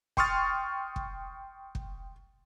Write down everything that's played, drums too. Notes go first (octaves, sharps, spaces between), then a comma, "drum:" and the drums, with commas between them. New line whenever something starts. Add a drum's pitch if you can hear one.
G5 C6 C#6 D#6 F6 A6, drum: kick
drum: kick
drum: kick